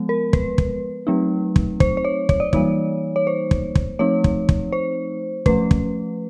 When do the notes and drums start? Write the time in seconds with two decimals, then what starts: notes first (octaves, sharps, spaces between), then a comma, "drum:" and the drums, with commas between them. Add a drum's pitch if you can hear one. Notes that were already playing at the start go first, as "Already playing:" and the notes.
Already playing: F3 G#3 B3
0.09 A#4
0.33 B4, drum: kick
0.58 drum: kick
1.07 F#3 A3 C4 D#4
1.56 drum: kick
1.80 C5, drum: kick
1.97 C5
2.05 C#5
2.29 C#5, drum: kick
2.40 D5
2.53 E3 G3 A#3 D#4 C#5, drum: kick
3.16 C#5
3.27 C5
3.51 drum: kick
3.75 drum: kick
3.99 F3 A3 C4 D#4 C#5
4.24 drum: kick
4.49 drum: kick
4.72 C5
5.46 F3 A3 C#4 B4, drum: kick
5.71 drum: kick